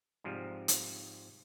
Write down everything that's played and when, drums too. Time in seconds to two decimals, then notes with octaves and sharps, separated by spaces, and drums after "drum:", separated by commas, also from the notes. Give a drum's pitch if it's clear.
0.24 G#2 C3 F3 G3
0.68 drum: hi-hat